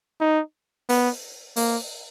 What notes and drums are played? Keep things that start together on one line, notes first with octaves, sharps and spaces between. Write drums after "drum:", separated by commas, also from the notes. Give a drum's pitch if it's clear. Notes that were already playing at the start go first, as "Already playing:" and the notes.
D#4
B3, drum: open hi-hat
A#3, drum: open hi-hat